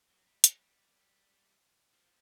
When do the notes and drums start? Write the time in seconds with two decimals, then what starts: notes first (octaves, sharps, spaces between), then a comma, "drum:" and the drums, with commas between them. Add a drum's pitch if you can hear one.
0.11 F#3
0.27 G3
0.44 G#3, drum: hi-hat
0.60 G3
1.94 F3